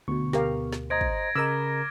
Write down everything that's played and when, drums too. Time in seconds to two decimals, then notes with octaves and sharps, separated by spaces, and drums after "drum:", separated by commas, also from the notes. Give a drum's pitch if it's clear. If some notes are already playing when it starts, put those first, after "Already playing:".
0.08 D2 B2 B3 C#6
0.33 G4 A#4 F5, drum: snare
0.73 drum: snare
0.90 C5 D#5 A#5 G#6 A#6 D7
1.01 drum: kick
1.36 C#3 A#4 D#5 A#5 B5 D6 E6 F6